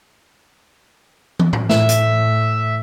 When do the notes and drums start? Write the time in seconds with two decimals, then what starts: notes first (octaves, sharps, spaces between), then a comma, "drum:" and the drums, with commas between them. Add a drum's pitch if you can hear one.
1.39 drum: tom
1.53 drum: tom A2
1.69 A2 E5, drum: snare
1.89 drum: hi-hat